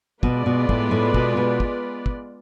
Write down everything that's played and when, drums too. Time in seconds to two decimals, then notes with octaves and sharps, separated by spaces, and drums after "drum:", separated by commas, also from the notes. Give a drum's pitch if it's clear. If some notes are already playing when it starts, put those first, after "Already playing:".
0.23 B2 G#3 B3 F4 B4 D5, drum: kick
0.46 B2
0.69 A2, drum: kick
0.91 A2
1.14 B2, drum: kick
1.37 B2
1.60 drum: kick
2.06 drum: kick